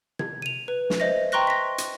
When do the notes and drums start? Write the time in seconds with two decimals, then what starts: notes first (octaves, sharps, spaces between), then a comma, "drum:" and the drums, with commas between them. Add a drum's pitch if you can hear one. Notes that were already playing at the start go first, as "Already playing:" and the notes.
0.19 G#6, drum: tom C3
0.42 D#7 F7
0.68 B4
0.90 drum: snare
1.00 C5 D#5 E5 A#6
1.32 G5 A#5 C6 C#6 F#6 A#6
1.47 A#6 B6
1.78 drum: hi-hat